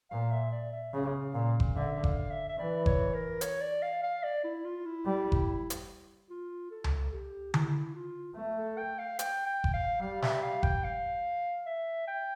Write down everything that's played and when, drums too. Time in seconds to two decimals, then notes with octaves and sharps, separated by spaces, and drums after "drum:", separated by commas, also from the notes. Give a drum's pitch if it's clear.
0.11 A#2 F5
0.32 E5
0.52 D5
0.73 E5
0.94 C#3 F5
1.34 A#2 F5
1.60 drum: kick F#1
1.76 D3 E5
2.04 F5, drum: kick F#1
2.31 E5
2.49 E5
2.59 E3 D5
2.86 C#5, drum: kick F#1
3.14 A#4
3.41 C#5, drum: hi-hat
3.62 D5
3.82 F5
4.03 F5
4.24 D5
4.44 E4
4.65 F4
4.86 E4
5.06 G3
5.32 drum: kick F#1
5.70 drum: hi-hat
6.30 F4
6.71 A4
6.84 drum: tom C#2
7.12 G4
7.54 E4, drum: tom D3
7.95 F4
8.36 A3
8.57 A4
8.78 G5
8.99 F5
9.19 G5, drum: hi-hat
9.46 G5
9.64 drum: kick F#1
9.74 F5
10.01 G3 F5
10.22 E5, drum: snare
10.43 F5
10.63 G5, drum: kick F#1
10.84 F5
11.66 E5
12.07 G5